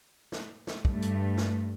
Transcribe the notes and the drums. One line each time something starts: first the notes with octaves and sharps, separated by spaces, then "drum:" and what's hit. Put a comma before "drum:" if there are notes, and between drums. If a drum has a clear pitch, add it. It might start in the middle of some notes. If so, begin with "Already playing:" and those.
drum: snare
drum: snare
G2 A3, drum: kick
drum: hi-hat
drum: snare